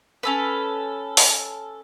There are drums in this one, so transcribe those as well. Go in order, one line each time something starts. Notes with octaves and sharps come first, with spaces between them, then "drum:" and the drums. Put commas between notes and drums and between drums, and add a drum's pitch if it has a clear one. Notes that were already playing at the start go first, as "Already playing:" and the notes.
C#4 A4 B4
drum: open hi-hat